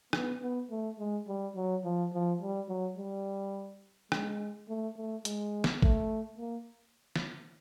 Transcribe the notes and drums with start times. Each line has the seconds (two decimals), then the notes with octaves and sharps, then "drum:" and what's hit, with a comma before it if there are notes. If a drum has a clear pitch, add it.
0.13 B3, drum: rim click
0.41 B3
0.70 A3
0.99 G#3
1.28 G3
1.56 F#3
1.85 F3
2.13 F3
2.41 G3
2.69 F#3
2.97 G3
4.12 G#3, drum: rim click
4.69 A3
4.97 A3
5.25 G#3, drum: hi-hat
5.64 drum: snare
5.82 A3, drum: kick G#1
6.38 A#3
7.16 drum: snare